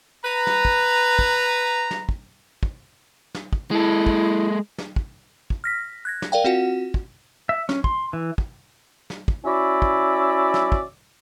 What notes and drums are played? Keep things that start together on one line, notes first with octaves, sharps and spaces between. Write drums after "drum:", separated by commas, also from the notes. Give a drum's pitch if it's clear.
B4 A#5
drum: snare
drum: kick
drum: kick
drum: snare
drum: kick
drum: kick
drum: snare
drum: kick
G#3 E4 A4
drum: kick
drum: snare
drum: kick
drum: kick
F6 A#6 B6
F#6 G#6 A#6
drum: snare
A#4 D5 F5 G5
C4 F4 F#4 F#5
drum: kick
E5
C#4, drum: snare
C6, drum: kick
E3
drum: kick
drum: snare
drum: kick
C#4 E4 F#4 D5 E5
drum: kick
drum: snare
drum: kick